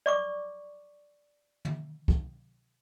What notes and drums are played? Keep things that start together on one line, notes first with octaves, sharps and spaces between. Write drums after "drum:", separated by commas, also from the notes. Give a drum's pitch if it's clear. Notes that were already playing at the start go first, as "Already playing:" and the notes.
D5 C#6 D6
drum: tom
drum: kick